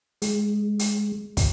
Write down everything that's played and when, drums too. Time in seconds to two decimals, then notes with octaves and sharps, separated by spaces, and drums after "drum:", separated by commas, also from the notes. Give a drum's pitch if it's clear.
0.22 G#3, drum: hi-hat
0.79 drum: hi-hat
1.37 drum: kick, hi-hat